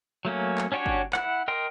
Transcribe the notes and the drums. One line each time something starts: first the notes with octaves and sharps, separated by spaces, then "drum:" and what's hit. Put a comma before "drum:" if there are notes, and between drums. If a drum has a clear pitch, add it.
F#3 A3 A#3 C#4
drum: clap
C#4 D4 F#4 G4 C#5
drum: kick G1
E4 F#5, drum: clap
A#4 D#5 G5 C6